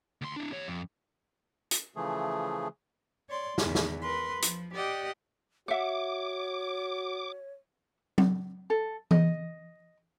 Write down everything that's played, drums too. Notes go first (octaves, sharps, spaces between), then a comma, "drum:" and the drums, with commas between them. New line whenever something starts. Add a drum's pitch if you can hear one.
D2 C6
D4 E4
G4 C#5
F2
drum: hi-hat
C#3 E3 F3 A3 G#4
C#5 D5 C6
E2 D#3, drum: snare
drum: snare
A#4 B4 C6
F3, drum: hi-hat
G4 D5 D#5 F#5 G5
F#4 C#5 E5 F#5 D6
drum: tom F#3
A4
D#5, drum: tom E3